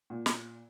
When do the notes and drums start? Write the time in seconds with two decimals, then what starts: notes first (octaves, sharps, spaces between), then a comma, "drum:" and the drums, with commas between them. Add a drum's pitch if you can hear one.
0.10 A#2
0.26 drum: snare